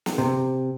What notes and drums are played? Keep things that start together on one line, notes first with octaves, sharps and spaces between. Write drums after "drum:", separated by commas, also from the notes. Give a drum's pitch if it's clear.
drum: snare
C3